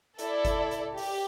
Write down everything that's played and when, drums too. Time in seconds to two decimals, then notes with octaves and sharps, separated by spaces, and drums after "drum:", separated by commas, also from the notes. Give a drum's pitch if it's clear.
0.19 E4 A4 D5, drum: hi-hat
0.45 drum: kick G1, hi-hat
0.71 drum: hi-hat
0.98 G4, drum: open hi-hat